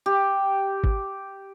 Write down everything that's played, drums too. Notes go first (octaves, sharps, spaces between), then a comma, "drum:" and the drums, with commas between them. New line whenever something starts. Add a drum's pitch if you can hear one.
G4
drum: kick